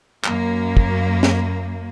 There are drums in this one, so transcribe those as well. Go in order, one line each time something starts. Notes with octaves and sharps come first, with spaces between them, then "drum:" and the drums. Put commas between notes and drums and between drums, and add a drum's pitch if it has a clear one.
F#2 A#3, drum: clap
drum: kick
drum: snare